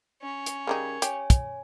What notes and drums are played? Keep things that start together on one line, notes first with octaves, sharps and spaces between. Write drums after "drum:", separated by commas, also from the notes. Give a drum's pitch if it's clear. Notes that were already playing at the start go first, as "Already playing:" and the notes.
C#4
drum: hi-hat
C#3 G3 D#4 A#4 G#6
G4 C#5 G#5, drum: hi-hat
drum: kick, hi-hat